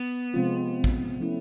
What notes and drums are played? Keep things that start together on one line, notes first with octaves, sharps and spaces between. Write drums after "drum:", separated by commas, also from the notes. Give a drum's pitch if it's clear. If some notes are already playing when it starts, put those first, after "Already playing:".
Already playing: B3
C3 F3 G#3 C4 F4
drum: kick A1
F3 A3 C#4 E4